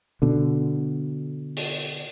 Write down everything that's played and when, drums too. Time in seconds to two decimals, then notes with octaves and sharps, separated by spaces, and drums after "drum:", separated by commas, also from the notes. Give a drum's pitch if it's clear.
0.22 B2 D3
1.57 drum: open hi-hat